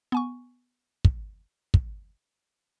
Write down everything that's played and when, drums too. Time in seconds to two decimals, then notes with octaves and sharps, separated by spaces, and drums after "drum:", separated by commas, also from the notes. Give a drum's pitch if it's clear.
0.12 B3 G#5 C#6
1.05 drum: kick
1.74 drum: kick